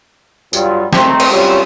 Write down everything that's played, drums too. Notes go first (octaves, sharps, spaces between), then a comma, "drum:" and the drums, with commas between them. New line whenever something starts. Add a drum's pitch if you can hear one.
G2 F#3 G3 F4, drum: tambourine
A3 C4 D#4, drum: snare
drum: cymbal
F#3 G3 A3 C4 C#4 F4